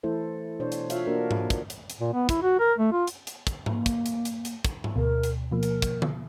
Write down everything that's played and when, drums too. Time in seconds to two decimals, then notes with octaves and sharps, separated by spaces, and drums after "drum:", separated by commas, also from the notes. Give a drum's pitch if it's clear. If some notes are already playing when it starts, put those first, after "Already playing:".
0.03 E3 A3 E4 A4 C5
0.60 B2 D4 C5 C#5
0.72 drum: hi-hat
0.90 F4 C#5 E5 F5, drum: hi-hat
1.07 A#3 D4 F#4 A#4
1.31 drum: tom G#2
1.50 drum: kick, hi-hat
1.70 drum: hi-hat
1.90 drum: hi-hat
2.01 A#2
2.14 B3
2.29 E4, drum: kick, hi-hat
2.42 F#4
2.59 A#4
2.78 A3
2.92 F4
3.07 drum: hi-hat
3.27 drum: hi-hat
3.47 drum: kick, hi-hat
3.66 A#3, drum: tom G#2
3.86 drum: kick, hi-hat
4.06 drum: hi-hat
4.25 drum: hi-hat
4.45 drum: hi-hat
4.65 drum: kick, hi-hat
4.84 drum: tom G#2
4.96 D2 B2 A#4
5.23 drum: hi-hat
5.51 B2 F3 A#3 A#4
5.63 drum: hi-hat
5.82 drum: kick, hi-hat
6.02 drum: tom D3